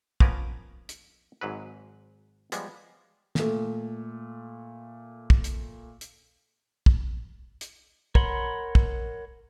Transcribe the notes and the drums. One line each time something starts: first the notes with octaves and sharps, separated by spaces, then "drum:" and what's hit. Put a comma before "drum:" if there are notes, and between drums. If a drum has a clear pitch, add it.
F3 A#3 B3 C#4 A#4 B4, drum: kick
drum: hi-hat
G#1 G#2 F#3 B4
F3 G3 G#3 B3, drum: hi-hat
A#2 A3, drum: snare
drum: kick
drum: hi-hat
drum: hi-hat
drum: kick
drum: hi-hat
A#4 C#5 F#5 B5 C6, drum: kick
drum: kick